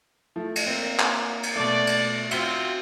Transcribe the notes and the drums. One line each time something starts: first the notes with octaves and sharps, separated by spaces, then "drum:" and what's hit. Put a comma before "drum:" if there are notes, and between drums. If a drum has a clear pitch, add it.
F3 A3
drum: cymbal
A#3 C4
drum: clap
drum: cymbal
B2 A3 D5
drum: cymbal
C4 F4 F#4 E5 G7, drum: cymbal